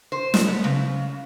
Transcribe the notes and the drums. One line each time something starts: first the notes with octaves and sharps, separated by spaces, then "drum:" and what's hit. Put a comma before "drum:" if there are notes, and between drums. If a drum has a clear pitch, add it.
C5
drum: snare
B3
C#3